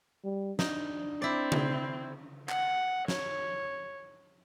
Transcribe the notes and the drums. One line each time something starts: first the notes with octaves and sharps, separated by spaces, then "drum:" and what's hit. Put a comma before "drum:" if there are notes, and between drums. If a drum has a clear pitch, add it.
G3
D4 D#4, drum: snare
C4 E4 D5
drum: tom C#3
F#5, drum: clap
C#5, drum: snare